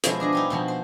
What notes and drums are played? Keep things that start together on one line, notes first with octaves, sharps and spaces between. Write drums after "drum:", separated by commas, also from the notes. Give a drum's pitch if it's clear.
B2 F3 G#3 E4, drum: hi-hat
D4 G#4 D#5
G3 D#4 E4
B2 F3 B3
C5